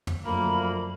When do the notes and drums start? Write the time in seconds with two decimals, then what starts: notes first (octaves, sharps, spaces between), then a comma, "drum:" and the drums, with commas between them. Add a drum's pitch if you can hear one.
0.07 drum: tom
0.25 F#2 D3 F3 A3 A#3 B5